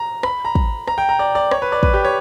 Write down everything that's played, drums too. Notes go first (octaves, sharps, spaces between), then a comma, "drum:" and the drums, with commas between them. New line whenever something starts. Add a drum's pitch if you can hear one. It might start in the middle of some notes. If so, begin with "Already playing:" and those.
Already playing: A#5
B5, drum: rim click
A#5
drum: kick
A#5, drum: rim click
G5
A#5
D5
D5
C#5, drum: rim click
B4
D5
B4, drum: kick
G4
C#5